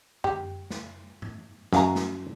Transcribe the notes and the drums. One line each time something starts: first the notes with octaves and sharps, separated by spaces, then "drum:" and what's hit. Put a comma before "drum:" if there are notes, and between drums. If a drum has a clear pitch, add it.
G4, drum: tom F#2
drum: snare
drum: tom G2
F#2 F#4 F5 A#5, drum: snare
drum: snare